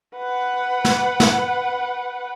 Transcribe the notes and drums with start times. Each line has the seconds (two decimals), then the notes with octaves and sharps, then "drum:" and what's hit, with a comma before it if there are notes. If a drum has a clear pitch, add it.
0.16 B4 F#5
0.85 drum: snare
1.20 drum: snare